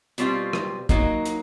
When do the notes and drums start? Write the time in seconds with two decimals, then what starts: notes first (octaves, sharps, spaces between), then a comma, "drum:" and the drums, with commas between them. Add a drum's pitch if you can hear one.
0.18 B2 G3 C4 F4, drum: hi-hat
0.53 drum: rim click
0.89 F#3 A#3 D#4, drum: kick, hi-hat
1.25 drum: hi-hat